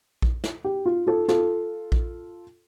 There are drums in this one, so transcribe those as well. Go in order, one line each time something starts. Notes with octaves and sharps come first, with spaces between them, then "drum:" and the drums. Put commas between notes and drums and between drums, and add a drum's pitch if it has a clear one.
drum: kick A#1
drum: snare
G4
F4
F4 A4
F4 A4, drum: snare
drum: kick A#1